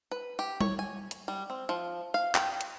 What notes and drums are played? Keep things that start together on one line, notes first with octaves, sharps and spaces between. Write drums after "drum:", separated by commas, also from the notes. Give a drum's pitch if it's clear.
B4
G4
C#5, drum: tom G3
G#5
drum: hi-hat
G3
C4
F3
F5
G5, drum: clap
drum: hi-hat